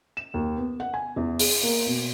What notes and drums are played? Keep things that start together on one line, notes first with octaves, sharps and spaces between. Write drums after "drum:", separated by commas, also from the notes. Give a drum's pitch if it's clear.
E7
D#2
B3
F#5
G#5
E2
G#4, drum: open hi-hat
A#3
B2